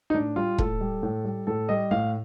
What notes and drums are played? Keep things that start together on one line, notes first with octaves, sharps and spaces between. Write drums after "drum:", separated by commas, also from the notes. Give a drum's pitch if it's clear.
D#4
A2 D4
G3 F4
A2 A4, drum: kick E1
G3
A2
G3
A2 A4
G3 D#5
A2 F5